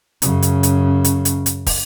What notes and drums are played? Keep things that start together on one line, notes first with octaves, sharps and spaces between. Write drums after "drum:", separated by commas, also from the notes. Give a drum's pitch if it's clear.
F#2 C#3, drum: hi-hat
drum: hi-hat
drum: hi-hat
drum: hi-hat
drum: hi-hat
drum: hi-hat
drum: kick, open hi-hat